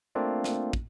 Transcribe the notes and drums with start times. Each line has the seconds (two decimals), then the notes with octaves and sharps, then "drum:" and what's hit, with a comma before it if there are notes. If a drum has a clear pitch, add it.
0.15 A3 A#3 C4 D4 F4
0.44 drum: snare
0.73 drum: kick